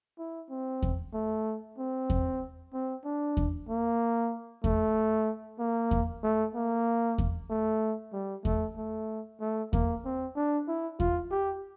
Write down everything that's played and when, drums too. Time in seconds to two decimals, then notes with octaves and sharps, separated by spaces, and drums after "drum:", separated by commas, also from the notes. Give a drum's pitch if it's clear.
0.19 E4
0.50 C4
0.83 drum: kick E2
1.14 A3
1.78 C4
2.10 drum: kick E2
2.73 C4
3.05 D4
3.37 drum: kick E2
3.69 A#3
4.64 A3, drum: kick E2
5.59 A#3
5.91 drum: kick E2
6.23 A3
6.55 A#3
7.18 drum: kick E2
7.50 A3
8.13 G3
8.45 A3, drum: kick E2
8.77 A3
9.40 A3
9.73 A#3, drum: kick E2
10.05 C4
10.36 D4
10.68 E4
11.00 F4, drum: kick E2
11.31 G4